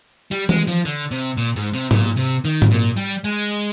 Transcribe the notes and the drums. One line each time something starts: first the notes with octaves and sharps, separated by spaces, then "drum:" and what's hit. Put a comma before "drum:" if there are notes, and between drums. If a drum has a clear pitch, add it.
G3
G#3, drum: tom E3
F3
D3
C3
A#2
G#2
C3
A#2, drum: tom G#2
C3
D#3
drum: tom G#2
A#2
G3
G#3